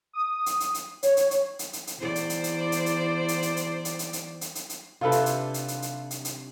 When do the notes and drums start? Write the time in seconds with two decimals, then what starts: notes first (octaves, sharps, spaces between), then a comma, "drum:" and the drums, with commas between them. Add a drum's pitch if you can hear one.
0.13 D#6
0.46 drum: hi-hat
0.60 drum: hi-hat
0.74 drum: hi-hat
1.03 C#5, drum: hi-hat
1.17 drum: hi-hat
1.31 drum: hi-hat
1.59 drum: hi-hat
1.73 drum: hi-hat
1.87 drum: hi-hat
1.98 E2 C5 D5
2.15 drum: hi-hat
2.30 drum: hi-hat
2.44 drum: hi-hat
2.72 drum: hi-hat
2.86 drum: hi-hat
3.28 drum: hi-hat
3.42 drum: hi-hat
3.57 drum: hi-hat
3.85 drum: hi-hat
3.99 drum: hi-hat
4.13 drum: hi-hat
4.41 drum: hi-hat
4.55 drum: hi-hat
4.69 drum: hi-hat
5.01 C3 C4 D4 F4 A4 B4
5.12 drum: hi-hat
5.26 drum: hi-hat
5.54 drum: hi-hat
5.68 drum: hi-hat
5.82 drum: hi-hat
6.11 drum: hi-hat
6.25 drum: hi-hat